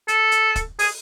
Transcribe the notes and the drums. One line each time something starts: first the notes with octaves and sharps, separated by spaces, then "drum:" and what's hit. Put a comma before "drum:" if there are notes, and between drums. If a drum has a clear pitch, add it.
A4, drum: hi-hat
drum: hi-hat
drum: kick, hi-hat
G#4, drum: open hi-hat